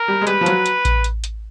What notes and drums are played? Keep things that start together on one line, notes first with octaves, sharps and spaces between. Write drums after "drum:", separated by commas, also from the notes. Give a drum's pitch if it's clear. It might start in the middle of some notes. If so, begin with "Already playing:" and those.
Already playing: A#4
G3
G#3
G3 B4, drum: hi-hat
F3
F#3, drum: hi-hat
drum: hi-hat
drum: kick A1, hi-hat
drum: hi-hat
drum: hi-hat